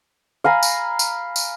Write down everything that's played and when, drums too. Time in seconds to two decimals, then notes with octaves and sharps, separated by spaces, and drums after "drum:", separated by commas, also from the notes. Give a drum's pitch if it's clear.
0.44 F5 G#5 A#5 B5
0.63 drum: tambourine
0.99 drum: tambourine
1.36 drum: tambourine